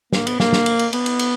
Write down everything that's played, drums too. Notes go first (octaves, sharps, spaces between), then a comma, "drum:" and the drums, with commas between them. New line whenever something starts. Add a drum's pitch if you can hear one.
A#3, drum: snare
B3, drum: cymbal
A#3, drum: snare
drum: snare
drum: cymbal
drum: cymbal
B3, drum: cymbal
drum: cymbal
drum: cymbal